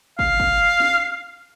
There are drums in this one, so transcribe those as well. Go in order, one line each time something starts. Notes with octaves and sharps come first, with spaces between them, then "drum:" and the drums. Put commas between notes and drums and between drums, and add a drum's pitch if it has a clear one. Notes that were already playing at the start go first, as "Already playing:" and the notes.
F5, drum: kick
drum: kick
drum: snare